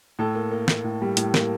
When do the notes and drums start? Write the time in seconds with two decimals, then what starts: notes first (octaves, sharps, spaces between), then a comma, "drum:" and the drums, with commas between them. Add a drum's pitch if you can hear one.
0.19 A2 A4
0.35 A#3
0.51 A#3
0.68 A#3, drum: snare
0.84 A2
1.02 G3
1.17 A2, drum: hi-hat
1.34 A#3, drum: snare